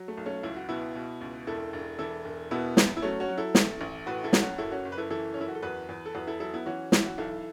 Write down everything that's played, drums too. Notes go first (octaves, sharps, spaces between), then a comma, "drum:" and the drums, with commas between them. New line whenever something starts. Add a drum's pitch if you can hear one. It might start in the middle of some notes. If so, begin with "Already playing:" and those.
Already playing: F#3
A3
B1
A3 C#4
C#2 E4
F#4
B2 B3 E4
B2
C#2
E1 E4 A4
E1
E3 E4 A4
E1
B2 B3 E4
E2, drum: snare
E4
F#3 A3 C#4
C#4 F#4
F#3
E4 A4
A1, drum: snare
A1
A2 F#4 B4
E4 A4
F#3, drum: snare
C#4 F#4
F#1 E4 A4
C#4 F#4
F#1
B4
E4 A4
E3 E4 A4
C#4
F#1 E4
F#4
A4
E2 F#4 B4
E2
A4
E2 F#4 B4
E4 A4
F#3 E4 A4
B3 E4
E3 C#4 F#4
E3 E4, drum: snare
F#4
B1 E4 A4